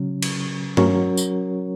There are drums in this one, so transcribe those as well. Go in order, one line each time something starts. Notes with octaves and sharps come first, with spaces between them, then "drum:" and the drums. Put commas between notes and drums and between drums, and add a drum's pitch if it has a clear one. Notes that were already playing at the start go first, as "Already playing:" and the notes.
Already playing: C#3 F#3 C#4
drum: cymbal
F#3 C#4 F#4 A#4 C#5, drum: tom G2
drum: tambourine